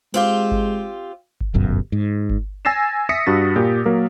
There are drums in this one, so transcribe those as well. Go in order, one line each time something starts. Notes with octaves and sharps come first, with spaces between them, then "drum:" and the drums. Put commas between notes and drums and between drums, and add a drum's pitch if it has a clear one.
G#3 C4 F4 G4
drum: kick G1
drum: kick G1
D1 G1 F#2 B2
G#2
drum: kick G1
G#5 E6 A6 A#6 C7 E7
E5 D#6 A#6 B6 C#7
G2 F#4 A6
A#2 G4 D6
F#3 A#3 A#4